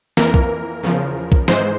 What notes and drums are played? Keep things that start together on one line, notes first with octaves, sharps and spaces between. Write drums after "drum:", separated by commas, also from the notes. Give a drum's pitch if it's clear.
F2 E3 A#3 A#4, drum: snare
drum: kick B1
E2 C#3 F3
drum: kick B1
G#2 E3 G#3 C5, drum: snare